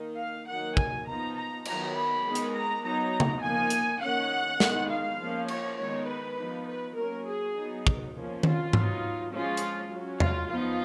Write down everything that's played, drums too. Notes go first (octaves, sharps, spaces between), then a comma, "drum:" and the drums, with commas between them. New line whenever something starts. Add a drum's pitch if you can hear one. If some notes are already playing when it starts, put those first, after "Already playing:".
Already playing: D#3 A#3 D#4
F5
D#3 F#3 A#3 D#4 F#5
G#5, drum: kick
F3 B3 D#4 A#5
A#5
D#3 F#3 B3 A#5, drum: cymbal
B5
D#3 G#3 B3 D#4
drum: hi-hat
A#5
F#3 B3 D#4 A#5
drum: tom C#3
F3 A#3 D#4 G#5
drum: hi-hat
D#3 A#3 C#4 F#5
D#3 G#3 B3 D#4, drum: snare
F5
F3 A#3 C#4
C#5, drum: cymbal
D#3 G#3 B3 D#4 C#5
B4
F3 B3 D#4
B4
F#3 A#3 C#4 A#4
G#4
F#3 B3 D#4
drum: kick
F3 A#3 C#4
F4, drum: tom D#3
F#3 B3 D#4, drum: tom G#2
F3 G#3 C#4 F4
drum: hi-hat
F#3 C#4
F4, drum: tom E2
F3 B3 D#4 F4